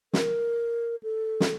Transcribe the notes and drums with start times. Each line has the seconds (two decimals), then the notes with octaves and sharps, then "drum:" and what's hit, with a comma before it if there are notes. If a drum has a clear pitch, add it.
0.13 A#4, drum: snare
1.03 A4
1.40 drum: snare